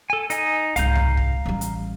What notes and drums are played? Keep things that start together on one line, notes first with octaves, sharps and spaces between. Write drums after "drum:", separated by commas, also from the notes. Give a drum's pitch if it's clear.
A4 G#5
D#4 D#5 G#5, drum: hi-hat
C2 G#2 F5 A#5 G6, drum: hi-hat
drum: tom D2
drum: kick
A1 G3
drum: hi-hat